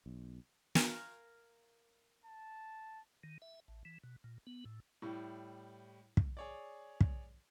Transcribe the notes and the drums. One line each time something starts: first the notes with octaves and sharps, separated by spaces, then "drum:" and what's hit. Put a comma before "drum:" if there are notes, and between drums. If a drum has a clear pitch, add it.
B1
A#4 F5 G#5, drum: snare
A5
D#3
E5
A1
E3
B2
A#2
B3
A2
A2 G3 E4
drum: kick
G#4 C#5 D5
drum: kick